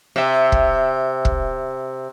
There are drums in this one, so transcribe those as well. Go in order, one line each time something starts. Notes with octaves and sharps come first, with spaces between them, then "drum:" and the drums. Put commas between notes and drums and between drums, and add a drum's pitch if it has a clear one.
C3 E5
drum: kick
drum: kick